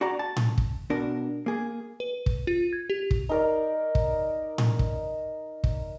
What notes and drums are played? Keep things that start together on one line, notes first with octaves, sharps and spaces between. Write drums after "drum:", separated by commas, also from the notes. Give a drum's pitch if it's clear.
F#4 G#4 D5 F#5 A#5
A5
drum: tom A2
drum: kick
B2 D4 A#4
A#3 G#4
B4
drum: kick
F4
G#6
G4
drum: kick
D#4 A#4 D5
drum: kick
drum: tom A2
drum: kick
drum: kick